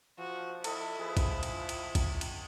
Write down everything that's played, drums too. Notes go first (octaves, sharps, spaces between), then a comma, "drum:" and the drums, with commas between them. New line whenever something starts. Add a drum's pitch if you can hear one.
F3 F#4
E4 A4 D#5, drum: cymbal
F3 G#4 B4
drum: kick A#1, cymbal
drum: cymbal
drum: cymbal
drum: kick A#1, cymbal
drum: cymbal